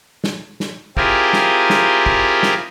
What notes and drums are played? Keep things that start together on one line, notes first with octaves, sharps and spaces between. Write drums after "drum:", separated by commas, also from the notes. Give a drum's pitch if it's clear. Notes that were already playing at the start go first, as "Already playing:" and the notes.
drum: snare
drum: snare
C4 E4 F4 G4 G#4 A#4, drum: kick
drum: snare
drum: snare
drum: kick
drum: snare